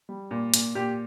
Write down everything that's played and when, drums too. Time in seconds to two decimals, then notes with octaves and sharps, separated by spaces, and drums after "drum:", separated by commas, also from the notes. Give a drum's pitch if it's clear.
0.09 G3
0.31 A#2
0.54 A#2, drum: hi-hat
0.75 A#2 G4